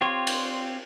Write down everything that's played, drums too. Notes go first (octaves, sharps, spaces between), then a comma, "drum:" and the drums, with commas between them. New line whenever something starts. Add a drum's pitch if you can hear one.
C4 F4 G4 C#5
drum: cymbal